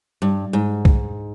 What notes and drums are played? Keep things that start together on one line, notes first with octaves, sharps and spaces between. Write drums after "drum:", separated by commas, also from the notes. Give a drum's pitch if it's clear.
G2
G#2
drum: kick B1